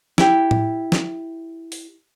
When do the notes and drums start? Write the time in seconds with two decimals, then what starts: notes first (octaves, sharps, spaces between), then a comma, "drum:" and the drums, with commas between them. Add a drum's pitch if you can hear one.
0.18 E4 G4, drum: snare
0.51 drum: tom A2
0.92 drum: snare
1.72 drum: open hi-hat